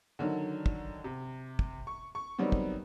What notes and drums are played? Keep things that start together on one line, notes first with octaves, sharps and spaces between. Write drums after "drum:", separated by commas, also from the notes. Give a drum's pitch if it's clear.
D3 D#3 F#3
drum: kick
C3
drum: kick
C#6
C#6
D#3 F#3 G3 B3 C4
drum: kick